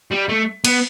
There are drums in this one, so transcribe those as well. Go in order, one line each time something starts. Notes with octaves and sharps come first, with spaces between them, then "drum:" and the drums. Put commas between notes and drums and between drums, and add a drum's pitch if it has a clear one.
G3
A3
B3, drum: cymbal